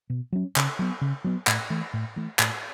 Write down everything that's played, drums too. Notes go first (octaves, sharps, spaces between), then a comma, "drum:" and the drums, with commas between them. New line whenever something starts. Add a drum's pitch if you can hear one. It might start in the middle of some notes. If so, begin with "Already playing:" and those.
B2
F#3 C#4
C#3, drum: clap
F#3 B3
C#3
F#3 B3
A2, drum: clap
E3 A3
A2
E3 A3
A2, drum: clap